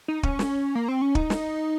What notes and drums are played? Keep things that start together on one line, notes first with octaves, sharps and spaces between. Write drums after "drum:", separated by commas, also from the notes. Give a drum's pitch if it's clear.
D#4
C#4, drum: kick
drum: snare
A#3
C4
C#4
D#4, drum: kick
drum: snare